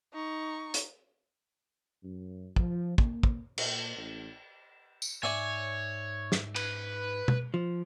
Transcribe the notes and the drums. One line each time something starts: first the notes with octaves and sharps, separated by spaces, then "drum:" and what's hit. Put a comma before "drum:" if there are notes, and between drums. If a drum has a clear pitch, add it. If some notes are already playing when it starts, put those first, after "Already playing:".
D#4 C#6
drum: hi-hat
F#2
F3, drum: kick
A#3, drum: kick
drum: kick
A#2, drum: cymbal
A1
drum: tambourine
G#2 C#5 D5 E5 G#5
drum: snare
B4, drum: cymbal
drum: tom
F3